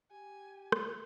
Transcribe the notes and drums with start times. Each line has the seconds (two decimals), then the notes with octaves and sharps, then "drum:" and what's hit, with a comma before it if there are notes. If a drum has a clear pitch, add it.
0.11 G4 G#5
0.72 drum: rim click